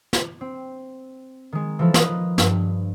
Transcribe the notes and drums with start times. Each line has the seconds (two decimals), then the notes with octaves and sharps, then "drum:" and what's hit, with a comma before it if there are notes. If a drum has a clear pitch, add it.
0.13 drum: snare
0.41 C4
1.52 D#3 G#3
1.79 E3 F3 A4
1.94 A#4 B4 D#5 D#6, drum: snare
2.38 G2, drum: snare